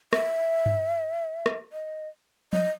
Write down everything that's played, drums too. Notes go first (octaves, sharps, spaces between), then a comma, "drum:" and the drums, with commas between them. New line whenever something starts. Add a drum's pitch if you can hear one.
E5, drum: rim click
drum: tom G2
drum: rim click
D#5
D#5, drum: tom F3